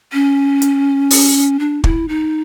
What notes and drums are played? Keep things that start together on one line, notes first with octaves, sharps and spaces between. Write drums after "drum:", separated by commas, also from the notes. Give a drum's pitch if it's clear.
C#4
drum: hi-hat
drum: open hi-hat
D4
E4, drum: kick
D#4